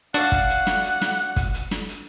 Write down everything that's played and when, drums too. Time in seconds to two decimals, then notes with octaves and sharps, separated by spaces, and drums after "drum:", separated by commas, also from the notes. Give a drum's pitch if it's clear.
0.14 D4 F#4 D5 F5 F#5, drum: hi-hat
0.32 drum: kick, hi-hat
0.49 drum: hi-hat
0.67 drum: snare
0.84 drum: hi-hat
1.02 drum: snare
1.36 drum: kick, hi-hat
1.54 drum: hi-hat
1.71 drum: snare
1.89 drum: hi-hat